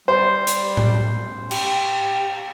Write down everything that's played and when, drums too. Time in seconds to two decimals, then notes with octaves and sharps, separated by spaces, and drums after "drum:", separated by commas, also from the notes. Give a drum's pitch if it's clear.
0.08 G3 C5
0.47 drum: hi-hat
0.77 drum: tom A2
1.51 G4, drum: cymbal